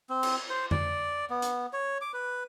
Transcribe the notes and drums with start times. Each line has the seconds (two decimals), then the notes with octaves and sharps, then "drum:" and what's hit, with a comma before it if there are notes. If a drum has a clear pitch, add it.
0.10 C4
0.23 drum: cymbal
0.50 C5
0.71 D5, drum: tom F2
1.30 B3
1.42 drum: hi-hat
1.73 C#5
2.01 D6
2.13 B4